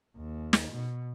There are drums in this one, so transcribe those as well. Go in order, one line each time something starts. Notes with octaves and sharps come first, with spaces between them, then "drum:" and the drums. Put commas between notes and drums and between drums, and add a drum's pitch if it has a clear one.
D#2
drum: snare
B2